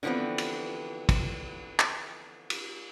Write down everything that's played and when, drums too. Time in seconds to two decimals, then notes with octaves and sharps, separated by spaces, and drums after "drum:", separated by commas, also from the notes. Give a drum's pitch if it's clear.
0.03 D3 E3 F3 B3 C4
0.38 drum: cymbal
1.09 drum: kick, cymbal
1.79 drum: clap
2.50 drum: cymbal